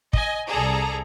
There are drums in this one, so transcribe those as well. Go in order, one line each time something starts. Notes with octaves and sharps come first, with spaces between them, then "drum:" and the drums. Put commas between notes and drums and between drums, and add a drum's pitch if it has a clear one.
D#5 G#5, drum: kick
C2 G#4 A4 D5 A#5